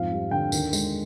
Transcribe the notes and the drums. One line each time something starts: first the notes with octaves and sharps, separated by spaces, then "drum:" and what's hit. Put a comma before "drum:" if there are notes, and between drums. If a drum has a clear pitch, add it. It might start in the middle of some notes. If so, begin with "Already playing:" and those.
Already playing: F2 G#2 F5
G3
D3 G5
D#2, drum: tambourine
G#3, drum: tambourine